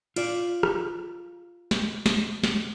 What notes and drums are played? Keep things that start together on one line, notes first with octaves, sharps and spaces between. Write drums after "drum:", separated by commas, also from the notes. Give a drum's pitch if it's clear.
F4 D5, drum: cymbal
drum: rim click
drum: snare
drum: snare
drum: snare